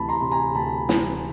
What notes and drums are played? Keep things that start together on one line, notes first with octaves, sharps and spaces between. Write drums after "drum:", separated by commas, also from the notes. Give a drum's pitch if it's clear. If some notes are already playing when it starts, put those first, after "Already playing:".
Already playing: D2 C3 E3 A5 B5
A#5 C6
C3 B5
G#5 A#5
D2 A5 B5
E3, drum: snare